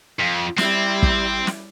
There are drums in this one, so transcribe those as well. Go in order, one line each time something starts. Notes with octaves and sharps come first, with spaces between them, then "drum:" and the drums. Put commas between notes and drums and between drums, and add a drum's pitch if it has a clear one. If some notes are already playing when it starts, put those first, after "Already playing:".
F2
G3 C4 E4, drum: snare
drum: kick
drum: snare